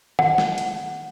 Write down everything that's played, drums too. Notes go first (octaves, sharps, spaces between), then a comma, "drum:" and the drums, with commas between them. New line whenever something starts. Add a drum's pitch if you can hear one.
F#5, drum: tom D#3
drum: snare
drum: hi-hat